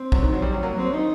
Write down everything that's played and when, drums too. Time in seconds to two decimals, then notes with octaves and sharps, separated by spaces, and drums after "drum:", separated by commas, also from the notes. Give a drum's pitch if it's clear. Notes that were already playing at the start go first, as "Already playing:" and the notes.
Already playing: C4
0.12 F#3, drum: kick
0.23 D#3
0.32 F#3
0.42 G3
0.52 F#3
0.63 F#3 A#3
0.78 F#3 C4
0.93 D#3 D#4